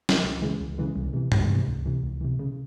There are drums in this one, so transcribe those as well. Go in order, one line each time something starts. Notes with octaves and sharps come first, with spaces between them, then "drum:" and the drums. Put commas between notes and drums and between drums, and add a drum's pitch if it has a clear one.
drum: snare
C#2
C#3 E3 G#3
C#2
C#3 E3 G#3
C2
C3 E3
C2, drum: tom G2
C3 E3
C#2
C3 E3
C#2
C3 E3
C#3